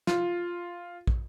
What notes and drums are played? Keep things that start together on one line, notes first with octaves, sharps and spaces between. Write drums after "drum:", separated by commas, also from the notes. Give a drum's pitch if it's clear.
F4, drum: snare
drum: kick